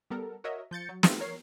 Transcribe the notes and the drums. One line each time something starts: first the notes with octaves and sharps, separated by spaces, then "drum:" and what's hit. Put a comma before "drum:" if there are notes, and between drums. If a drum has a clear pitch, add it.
G3 B3 A4 A#4
F#4 A#4 C#5 D#5 E5
F3 G6 A6 C#7
F#3
A3 C4 D#4 F4 F#4 G#4, drum: snare
A#4 C#5 C7